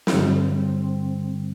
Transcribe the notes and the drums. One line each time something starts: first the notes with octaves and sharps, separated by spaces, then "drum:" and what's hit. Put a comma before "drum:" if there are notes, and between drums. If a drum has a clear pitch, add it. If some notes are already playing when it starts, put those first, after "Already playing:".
A3, drum: snare
G2 D3 G3 C4